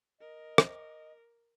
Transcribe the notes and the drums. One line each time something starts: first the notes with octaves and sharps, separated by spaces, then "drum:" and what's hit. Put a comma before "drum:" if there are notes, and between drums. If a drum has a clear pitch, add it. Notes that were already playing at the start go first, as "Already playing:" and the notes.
A#4 D#5
drum: rim click